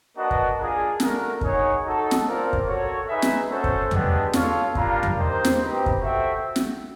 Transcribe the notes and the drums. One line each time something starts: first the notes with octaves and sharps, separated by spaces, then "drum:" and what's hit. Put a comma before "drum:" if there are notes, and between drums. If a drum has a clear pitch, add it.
A#3 D4 F#4 B4 D#5
drum: kick
A#3 D4 F4 G#4
A3 D4 F#4 A#4, drum: snare
D#4 G#4 C#5 F#5, drum: kick
D#4 F#4 A4
drum: snare
C4 F4 A#4 D5 F5
drum: kick
F#4 A4 C#5
D#4 G#4 B4 E5
drum: snare
C#4 F#4 A4 C5
drum: kick
G#3 B3 D4 G4, drum: tom E2
F4 A4 C#5 F5, drum: snare
G3 A#3 D4 F4 A#4, drum: kick
drum: tom E2
A#3 D#4 G4 C5
drum: snare
C4 D#4 G4 B4
drum: kick
F#4 A4 C5 E5 G5
drum: snare